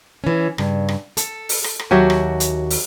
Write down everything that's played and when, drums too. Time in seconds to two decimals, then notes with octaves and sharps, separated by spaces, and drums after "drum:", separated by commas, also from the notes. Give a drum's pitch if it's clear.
0.24 E3 C#4
0.58 G2 C#3, drum: rim click
0.89 drum: rim click
1.17 A4, drum: hi-hat
1.49 drum: open hi-hat
1.64 drum: rim click
1.79 drum: rim click
1.91 D#2 F#3 F#4 G4 E5 G#5
2.10 drum: rim click
2.40 drum: hi-hat
2.70 drum: open hi-hat